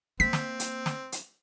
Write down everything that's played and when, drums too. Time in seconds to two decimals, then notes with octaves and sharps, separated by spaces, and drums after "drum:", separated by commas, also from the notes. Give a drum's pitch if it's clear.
0.20 A#3 C4 B6
0.33 drum: snare
0.59 drum: hi-hat
0.86 drum: snare
1.12 drum: hi-hat